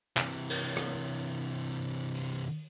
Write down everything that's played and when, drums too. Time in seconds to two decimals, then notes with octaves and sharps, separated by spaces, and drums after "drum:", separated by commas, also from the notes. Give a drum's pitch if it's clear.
0.17 C3 E3, drum: clap
0.50 drum: cymbal
0.77 drum: rim click
2.15 drum: open hi-hat